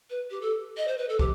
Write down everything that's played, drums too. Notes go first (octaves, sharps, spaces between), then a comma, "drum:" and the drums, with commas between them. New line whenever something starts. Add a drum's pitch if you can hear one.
B4
G4
A4
D#5
C5
B4
A4
G4, drum: kick